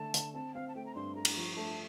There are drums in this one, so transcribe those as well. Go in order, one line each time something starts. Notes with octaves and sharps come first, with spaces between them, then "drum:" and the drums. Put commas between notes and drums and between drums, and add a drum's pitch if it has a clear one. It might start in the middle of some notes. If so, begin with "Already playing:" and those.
Already playing: D3 A3 A5
D3, drum: hi-hat
C4 A5
C4 F5
A5
A3 G5
A#5
G2 C6
A3 A#5
drum: cymbal
F3
A3 A5